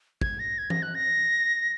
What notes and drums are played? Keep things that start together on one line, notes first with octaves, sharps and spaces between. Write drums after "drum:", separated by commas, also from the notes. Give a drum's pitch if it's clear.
G#6, drum: kick
A#6
G#6
A#6, drum: tom E3
F#6
A#6